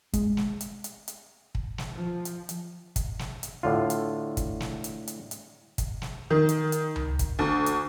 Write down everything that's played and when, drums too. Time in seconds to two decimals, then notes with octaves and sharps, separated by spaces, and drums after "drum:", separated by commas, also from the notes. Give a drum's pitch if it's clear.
0.14 G#3, drum: kick, hi-hat
0.37 drum: snare
0.61 drum: hi-hat
0.84 drum: hi-hat
1.08 drum: hi-hat
1.55 drum: kick
1.78 drum: snare
1.93 F3
2.25 drum: hi-hat
2.49 drum: hi-hat
2.96 drum: kick, hi-hat
3.19 drum: snare
3.43 drum: hi-hat
3.63 A2 D3 F4
3.90 drum: hi-hat
4.37 drum: kick, hi-hat
4.60 drum: snare
4.84 drum: hi-hat
5.08 drum: hi-hat
5.31 drum: hi-hat
5.78 drum: kick, hi-hat
6.02 drum: snare
6.30 D#3
6.49 drum: hi-hat
6.72 drum: hi-hat
6.96 drum: tom C#2
7.19 drum: kick, hi-hat
7.39 D2
7.66 drum: hi-hat